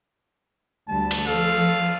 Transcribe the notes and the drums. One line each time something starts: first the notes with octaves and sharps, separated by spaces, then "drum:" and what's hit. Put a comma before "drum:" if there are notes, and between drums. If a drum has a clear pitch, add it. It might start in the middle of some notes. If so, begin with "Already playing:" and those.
D2 G3 A5
drum: cymbal
F3 A4 F5